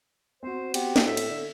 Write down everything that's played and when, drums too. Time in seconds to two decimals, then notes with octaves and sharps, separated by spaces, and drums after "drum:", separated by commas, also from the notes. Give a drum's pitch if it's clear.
0.43 C4 F#4 C5
0.74 B3 G4, drum: cymbal
0.96 drum: snare
1.06 A2 E5
1.17 drum: cymbal
1.30 D3